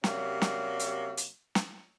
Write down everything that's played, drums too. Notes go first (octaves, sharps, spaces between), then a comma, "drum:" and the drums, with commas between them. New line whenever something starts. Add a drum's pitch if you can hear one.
C3 F#3 G3 A#3 C#4, drum: snare
drum: snare
drum: hi-hat
drum: hi-hat
drum: snare